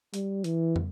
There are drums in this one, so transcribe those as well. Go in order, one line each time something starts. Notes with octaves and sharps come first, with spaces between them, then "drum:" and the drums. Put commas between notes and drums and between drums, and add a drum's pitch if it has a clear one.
G3, drum: hi-hat
E3, drum: hi-hat
drum: tom